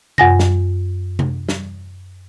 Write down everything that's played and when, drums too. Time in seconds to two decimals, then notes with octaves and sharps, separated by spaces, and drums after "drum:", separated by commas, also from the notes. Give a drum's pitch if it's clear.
0.18 F#2 G#5 A#6, drum: tom C3
0.39 drum: snare
1.19 drum: tom C3
1.49 drum: snare